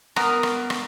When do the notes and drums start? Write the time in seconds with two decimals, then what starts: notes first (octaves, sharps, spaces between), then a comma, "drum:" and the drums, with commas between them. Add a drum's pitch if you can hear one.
0.16 B3 A#4, drum: rim click
0.43 drum: rim click
0.70 drum: rim click